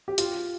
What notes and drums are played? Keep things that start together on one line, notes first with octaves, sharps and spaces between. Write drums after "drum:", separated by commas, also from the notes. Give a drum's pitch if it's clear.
G4
F4, drum: hi-hat